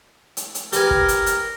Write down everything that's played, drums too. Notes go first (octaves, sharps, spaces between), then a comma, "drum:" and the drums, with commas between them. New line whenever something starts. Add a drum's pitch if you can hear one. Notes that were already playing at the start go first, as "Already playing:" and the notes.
drum: hi-hat
drum: hi-hat
G4 A#4 B4 G#5, drum: hi-hat
drum: kick
drum: hi-hat
drum: hi-hat